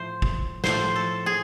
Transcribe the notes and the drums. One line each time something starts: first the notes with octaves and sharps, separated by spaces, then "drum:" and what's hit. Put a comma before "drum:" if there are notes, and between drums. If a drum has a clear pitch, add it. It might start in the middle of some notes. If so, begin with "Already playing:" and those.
Already playing: A2 F3 A3 C5
drum: kick
A2 F3 A3 C5, drum: snare
A4
G#4